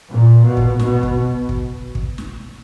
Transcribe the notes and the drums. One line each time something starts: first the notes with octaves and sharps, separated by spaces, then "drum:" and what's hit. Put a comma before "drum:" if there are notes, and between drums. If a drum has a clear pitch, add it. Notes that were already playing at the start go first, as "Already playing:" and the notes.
A#2
B2
drum: kick
B2, drum: snare
drum: kick
drum: kick
drum: kick
drum: snare